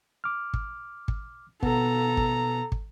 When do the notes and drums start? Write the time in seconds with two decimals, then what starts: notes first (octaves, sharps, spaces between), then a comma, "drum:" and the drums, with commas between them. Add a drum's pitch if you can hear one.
0.24 D6 F6
0.54 drum: kick
1.08 drum: kick
1.63 B2 B3 A4 A#5, drum: kick
2.17 drum: kick
2.72 drum: kick